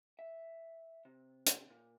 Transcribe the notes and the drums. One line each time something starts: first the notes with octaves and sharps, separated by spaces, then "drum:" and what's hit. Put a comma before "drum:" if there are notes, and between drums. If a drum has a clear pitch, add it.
E5
C3
drum: hi-hat
A#2